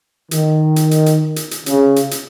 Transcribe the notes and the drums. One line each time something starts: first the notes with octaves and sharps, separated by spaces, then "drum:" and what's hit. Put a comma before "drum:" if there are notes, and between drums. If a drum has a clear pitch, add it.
D#3, drum: hi-hat
drum: hi-hat
drum: hi-hat
drum: hi-hat
drum: hi-hat
drum: hi-hat
C#3, drum: hi-hat
drum: hi-hat
drum: hi-hat